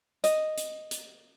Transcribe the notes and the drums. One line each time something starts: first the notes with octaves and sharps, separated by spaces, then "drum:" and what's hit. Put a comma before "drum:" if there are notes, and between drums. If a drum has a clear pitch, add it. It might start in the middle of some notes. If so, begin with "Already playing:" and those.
D#5, drum: hi-hat
drum: hi-hat
drum: hi-hat